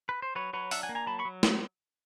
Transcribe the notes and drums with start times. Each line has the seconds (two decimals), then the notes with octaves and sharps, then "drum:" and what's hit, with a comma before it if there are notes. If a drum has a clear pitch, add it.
0.09 B4
0.22 C5
0.35 F#3 B4 C#5
0.53 F#3 B4 C#5
0.71 D4 E5 F#5, drum: open hi-hat
0.83 F#5 G#5
0.89 A#3
0.95 G#5 A#5
1.07 F#3 A5 B5
1.19 B5 C#6
1.25 F#3
1.43 drum: snare